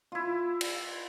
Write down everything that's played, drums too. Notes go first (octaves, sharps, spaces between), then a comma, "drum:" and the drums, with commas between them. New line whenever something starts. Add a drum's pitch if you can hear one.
E4 F4
drum: cymbal